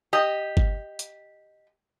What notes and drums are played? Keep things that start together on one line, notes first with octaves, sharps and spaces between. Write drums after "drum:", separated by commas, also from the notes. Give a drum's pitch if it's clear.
G4 D#5
drum: kick G1
drum: hi-hat